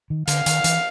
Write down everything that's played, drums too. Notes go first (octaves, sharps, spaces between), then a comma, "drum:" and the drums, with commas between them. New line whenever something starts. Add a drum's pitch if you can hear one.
D#3
D3 F5, drum: hi-hat
D#3, drum: hi-hat
E3, drum: hi-hat